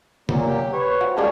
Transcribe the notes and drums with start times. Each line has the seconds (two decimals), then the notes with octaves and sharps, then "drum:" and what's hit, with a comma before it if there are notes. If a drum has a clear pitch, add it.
0.29 A#2 F#3 A#3, drum: tom
0.48 G4
0.73 B4 C#5
1.01 C4 F#4
1.17 G3 G#3 A#3 C#4 F4 G#4 A4 C#5